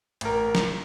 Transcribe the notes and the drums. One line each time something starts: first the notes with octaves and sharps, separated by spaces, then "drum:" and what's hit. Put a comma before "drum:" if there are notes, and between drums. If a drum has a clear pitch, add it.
A1 A#4, drum: hi-hat
drum: snare